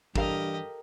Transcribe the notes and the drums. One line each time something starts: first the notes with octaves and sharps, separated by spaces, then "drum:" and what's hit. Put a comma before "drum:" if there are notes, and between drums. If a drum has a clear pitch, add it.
G2 E3 G4 A4 A#4 D#5 F5, drum: kick